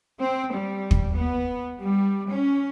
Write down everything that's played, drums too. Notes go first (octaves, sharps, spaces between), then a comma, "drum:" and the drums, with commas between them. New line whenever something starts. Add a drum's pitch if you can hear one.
C4
G3
drum: kick
B3
G3
C#4